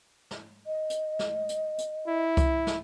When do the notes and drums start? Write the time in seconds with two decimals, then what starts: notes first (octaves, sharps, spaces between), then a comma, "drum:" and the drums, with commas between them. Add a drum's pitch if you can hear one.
0.31 drum: snare
0.66 D#5
0.90 drum: hi-hat
1.19 drum: snare
1.49 drum: hi-hat
1.78 drum: hi-hat
2.08 E4
2.37 drum: kick C2, hi-hat
2.67 drum: snare